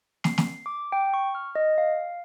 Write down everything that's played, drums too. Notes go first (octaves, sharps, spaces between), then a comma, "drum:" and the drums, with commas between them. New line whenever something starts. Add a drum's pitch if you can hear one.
C7, drum: snare
drum: snare
D6
G5
C#6
F6
D#5
F5